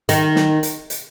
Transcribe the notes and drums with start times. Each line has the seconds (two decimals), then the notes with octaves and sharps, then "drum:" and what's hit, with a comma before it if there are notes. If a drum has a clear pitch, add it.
0.09 D#3, drum: hi-hat
0.36 drum: snare
0.63 drum: hi-hat
0.90 drum: hi-hat